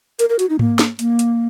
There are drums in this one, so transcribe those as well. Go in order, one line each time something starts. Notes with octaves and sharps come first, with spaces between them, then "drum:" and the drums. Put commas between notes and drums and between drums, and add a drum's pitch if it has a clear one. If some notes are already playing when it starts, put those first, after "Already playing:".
A#4, drum: hi-hat
A#4
F#4, drum: hi-hat
D#4
A#3, drum: tom G#2
drum: snare
A#3, drum: hi-hat
drum: hi-hat